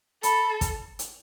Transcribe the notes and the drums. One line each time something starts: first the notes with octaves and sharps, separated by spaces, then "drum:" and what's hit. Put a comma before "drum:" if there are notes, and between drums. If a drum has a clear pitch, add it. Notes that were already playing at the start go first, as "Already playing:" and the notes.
A4 B5, drum: hi-hat
drum: kick, hi-hat
drum: hi-hat